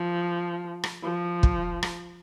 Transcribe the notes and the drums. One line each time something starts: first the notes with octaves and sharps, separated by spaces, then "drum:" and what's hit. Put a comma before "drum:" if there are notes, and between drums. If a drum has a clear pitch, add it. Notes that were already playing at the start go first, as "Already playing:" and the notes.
Already playing: F3
drum: rim click
F3
drum: kick
drum: rim click